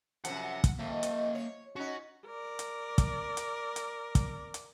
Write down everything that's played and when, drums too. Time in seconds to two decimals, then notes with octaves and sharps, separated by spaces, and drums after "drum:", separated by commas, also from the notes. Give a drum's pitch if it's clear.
0.25 F#2 C3 F3 F#5, drum: hi-hat
0.64 drum: kick, hi-hat
0.79 F2 A#3 E5
1.03 drum: hi-hat
1.35 C#5
1.76 C#4 D#4 F#4
2.27 A#4 D5
2.59 drum: hi-hat
2.98 drum: kick, hi-hat
3.37 drum: hi-hat
3.76 drum: hi-hat
4.15 drum: kick, hi-hat
4.54 drum: hi-hat